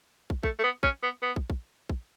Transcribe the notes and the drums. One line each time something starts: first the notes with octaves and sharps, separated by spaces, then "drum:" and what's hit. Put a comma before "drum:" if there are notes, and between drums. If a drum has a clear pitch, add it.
drum: kick
A3, drum: kick
A3
B3
C#4, drum: kick
B3
B3
drum: kick
drum: kick
drum: kick